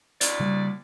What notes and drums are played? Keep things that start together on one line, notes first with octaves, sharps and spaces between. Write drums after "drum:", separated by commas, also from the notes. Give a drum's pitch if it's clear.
D2 A2 D5, drum: hi-hat
C#3 G3 A#3